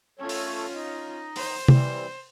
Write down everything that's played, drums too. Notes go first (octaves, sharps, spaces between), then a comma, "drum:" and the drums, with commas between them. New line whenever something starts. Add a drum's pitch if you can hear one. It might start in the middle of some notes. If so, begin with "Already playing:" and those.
A3 C#4 F4 A4 C#5
drum: open hi-hat
D#4 D#5
C5, drum: open hi-hat
E3 G3 C4, drum: tom C3